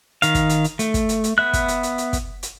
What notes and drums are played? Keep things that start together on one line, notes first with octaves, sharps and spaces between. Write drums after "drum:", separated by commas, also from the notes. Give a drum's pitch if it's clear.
D#3 F5, drum: hi-hat
drum: kick, hi-hat
drum: hi-hat
drum: hi-hat
A3, drum: hi-hat
drum: kick, hi-hat
drum: hi-hat
drum: hi-hat
B3 E5 F#6
drum: kick, hi-hat
drum: hi-hat
drum: hi-hat
drum: hi-hat
drum: kick, hi-hat
drum: hi-hat